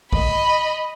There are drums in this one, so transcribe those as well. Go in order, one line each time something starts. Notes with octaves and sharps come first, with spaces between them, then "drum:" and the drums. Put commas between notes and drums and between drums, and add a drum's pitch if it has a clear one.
D#5 B5, drum: kick B1